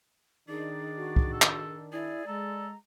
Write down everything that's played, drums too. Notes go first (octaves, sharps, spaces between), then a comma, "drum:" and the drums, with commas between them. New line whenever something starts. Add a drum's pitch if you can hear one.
D#3 D4 D#4 G#4 D5
F#4
drum: kick
A4
drum: clap
E4 G#4 D5
G#3 A4 A#5